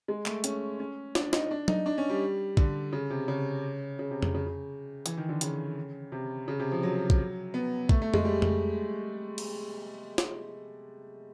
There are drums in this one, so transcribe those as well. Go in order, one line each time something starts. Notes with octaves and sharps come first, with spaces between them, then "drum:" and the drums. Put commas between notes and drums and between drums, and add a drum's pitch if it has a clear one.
G#3
A3, drum: clap
C#4, drum: hi-hat
C#4
D4, drum: snare
D#4, drum: snare
D4
D#4, drum: tom F#3
D4
C#4
G3
D3, drum: kick
C#3
C3
C#3
C#3
C3
C#3, drum: tom F2
C#3
C#3
E3, drum: hi-hat
D#3
D3
C#3, drum: hi-hat
C3
C#3
C3
F3
F#3
drum: kick
B3
A3, drum: kick
A3
G#3, drum: tom F2
G3
drum: tom F2
drum: cymbal
drum: snare